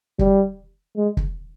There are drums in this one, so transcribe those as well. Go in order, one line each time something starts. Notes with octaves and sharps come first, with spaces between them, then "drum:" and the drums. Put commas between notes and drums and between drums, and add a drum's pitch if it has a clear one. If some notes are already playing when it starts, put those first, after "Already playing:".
G3, drum: kick
G#3
drum: kick